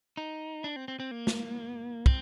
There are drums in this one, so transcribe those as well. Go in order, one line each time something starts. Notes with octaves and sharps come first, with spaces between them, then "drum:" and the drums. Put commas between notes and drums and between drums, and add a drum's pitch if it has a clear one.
D#4
D4
C4
C4
C4
A#3
drum: snare
C4, drum: kick